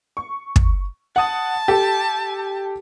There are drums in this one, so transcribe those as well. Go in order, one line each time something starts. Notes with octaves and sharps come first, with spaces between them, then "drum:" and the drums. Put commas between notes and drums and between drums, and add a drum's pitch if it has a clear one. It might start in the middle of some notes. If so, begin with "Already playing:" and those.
C#6
drum: kick
F#5 A5 D#6
G4 A4